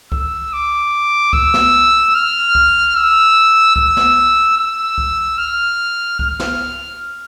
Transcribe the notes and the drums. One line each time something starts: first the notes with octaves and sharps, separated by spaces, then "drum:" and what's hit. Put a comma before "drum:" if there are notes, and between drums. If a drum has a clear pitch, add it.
E6, drum: kick C2
D6
E6, drum: kick C2
drum: snare
F6
drum: kick C2
E6
E6, drum: kick C2
drum: snare
E6
drum: kick C2
F6
F6, drum: kick C2
drum: snare